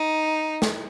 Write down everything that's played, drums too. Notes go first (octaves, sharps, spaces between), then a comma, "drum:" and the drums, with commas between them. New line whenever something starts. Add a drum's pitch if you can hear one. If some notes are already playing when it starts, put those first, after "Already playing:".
Already playing: D#4
drum: snare